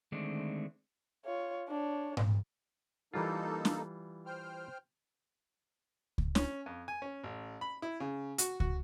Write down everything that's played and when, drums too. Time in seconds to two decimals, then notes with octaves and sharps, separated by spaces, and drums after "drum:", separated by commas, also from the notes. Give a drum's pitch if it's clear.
0.12 D3 D#3 G#3 A3 C4 D4
1.25 F4 C#5
1.68 D4 C#5
2.17 drum: tom G#2
3.14 E3 G3 A#3 D#4 F4 A4
3.65 drum: snare
4.26 C5 G5 F6
6.18 drum: kick C#2
6.35 C#4, drum: snare
6.66 F2
6.88 G#5
7.02 C#4
7.24 A1
7.61 B5
7.82 E4
8.00 C#3
8.38 F#4, drum: hi-hat
8.60 F#4, drum: kick C#2